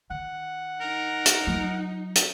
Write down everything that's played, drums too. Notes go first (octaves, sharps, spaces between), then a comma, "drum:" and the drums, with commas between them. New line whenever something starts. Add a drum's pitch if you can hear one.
D#3 F#5
D#4 A#4
drum: hi-hat
F#3 F4
drum: hi-hat